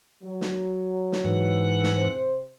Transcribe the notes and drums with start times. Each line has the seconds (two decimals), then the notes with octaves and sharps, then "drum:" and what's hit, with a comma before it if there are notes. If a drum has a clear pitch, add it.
0.24 F#3
0.41 drum: snare
1.12 drum: snare
1.25 G#2 E3 F#5
1.83 drum: snare
1.96 C3 C4 C5